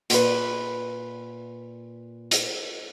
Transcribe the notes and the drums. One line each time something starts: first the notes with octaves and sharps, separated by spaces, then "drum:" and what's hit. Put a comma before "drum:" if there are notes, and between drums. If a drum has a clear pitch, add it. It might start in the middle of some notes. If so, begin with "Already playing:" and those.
A#2 B4, drum: hi-hat
drum: hi-hat